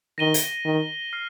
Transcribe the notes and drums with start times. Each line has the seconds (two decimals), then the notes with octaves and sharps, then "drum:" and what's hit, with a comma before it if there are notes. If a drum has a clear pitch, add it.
0.18 D#3 A#6 D#7 G7
0.34 drum: hi-hat
0.65 D#3
1.13 F6 C7